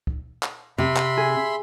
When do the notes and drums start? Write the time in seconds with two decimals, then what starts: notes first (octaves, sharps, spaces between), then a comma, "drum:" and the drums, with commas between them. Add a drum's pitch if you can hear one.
0.07 drum: kick
0.43 drum: clap
0.78 C3 E5 B5 C6
0.96 drum: clap
1.17 G#4